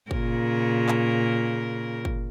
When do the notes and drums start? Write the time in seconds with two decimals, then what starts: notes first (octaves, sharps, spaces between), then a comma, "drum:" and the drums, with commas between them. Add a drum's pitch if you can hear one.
0.11 A#2 C#3 A#4, drum: kick
0.89 drum: clap
2.05 drum: kick